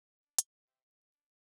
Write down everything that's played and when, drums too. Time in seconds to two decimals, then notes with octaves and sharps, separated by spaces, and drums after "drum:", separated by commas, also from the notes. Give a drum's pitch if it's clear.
0.21 D4
0.39 drum: hi-hat
0.66 G4 C5 E5 G5
1.11 D4